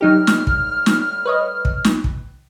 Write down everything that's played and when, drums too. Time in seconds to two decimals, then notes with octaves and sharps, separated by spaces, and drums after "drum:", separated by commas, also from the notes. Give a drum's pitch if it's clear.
0.01 A2 F#3 G3 D#4 G4 F6
0.27 drum: snare
0.47 drum: kick
0.86 drum: snare
1.26 B4 C#5 D#5
1.65 drum: kick
1.84 drum: snare
2.04 drum: kick